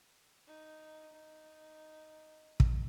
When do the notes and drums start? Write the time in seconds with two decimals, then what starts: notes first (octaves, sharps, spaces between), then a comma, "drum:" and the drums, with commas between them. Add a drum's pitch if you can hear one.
0.48 D#4
1.14 D#4
2.60 drum: kick